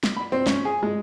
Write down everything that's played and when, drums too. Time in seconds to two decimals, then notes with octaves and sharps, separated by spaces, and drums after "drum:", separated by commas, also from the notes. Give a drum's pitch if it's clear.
0.03 drum: snare
0.17 B5
0.32 C4
0.47 C#4, drum: snare
0.65 G#4
0.83 G#3